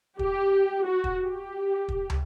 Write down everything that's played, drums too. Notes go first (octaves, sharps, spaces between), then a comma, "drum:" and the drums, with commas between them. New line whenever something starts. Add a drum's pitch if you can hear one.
G4, drum: kick
F#4
drum: kick
G4
drum: kick
drum: tom